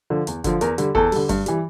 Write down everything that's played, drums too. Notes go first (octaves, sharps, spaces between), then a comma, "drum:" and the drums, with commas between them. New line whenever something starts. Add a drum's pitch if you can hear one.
D3 F3
E2, drum: hi-hat
D3 F3, drum: kick F#1, hi-hat
E2 A#4, drum: hi-hat
D3 G3, drum: hi-hat
E2 A4, drum: kick F#1
D3 G3, drum: open hi-hat
G2, drum: kick F#1, hi-hat
E3 G3, drum: hi-hat